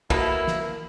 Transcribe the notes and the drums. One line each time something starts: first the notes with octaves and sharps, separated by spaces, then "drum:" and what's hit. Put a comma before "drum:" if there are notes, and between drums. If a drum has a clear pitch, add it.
B2 A#3 E4, drum: kick
drum: snare